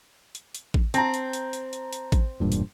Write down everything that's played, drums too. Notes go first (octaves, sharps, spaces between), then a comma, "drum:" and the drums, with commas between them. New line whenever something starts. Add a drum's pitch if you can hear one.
drum: hi-hat
drum: hi-hat
drum: kick A1
C4 A5 A#5, drum: hi-hat
drum: hi-hat
drum: hi-hat
drum: hi-hat
drum: hi-hat
drum: hi-hat
drum: kick A1, hi-hat
E1 G2 A#2
drum: hi-hat